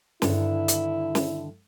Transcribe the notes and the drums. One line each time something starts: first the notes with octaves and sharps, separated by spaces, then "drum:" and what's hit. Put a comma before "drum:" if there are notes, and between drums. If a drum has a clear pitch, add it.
G2 D3 D#3 E4, drum: snare
drum: hi-hat
drum: snare